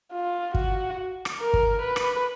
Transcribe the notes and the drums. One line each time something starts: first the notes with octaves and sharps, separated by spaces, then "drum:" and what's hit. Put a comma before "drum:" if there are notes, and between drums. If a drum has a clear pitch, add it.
F4
F#4, drum: kick
drum: rim click
A#4
drum: kick
B4
drum: rim click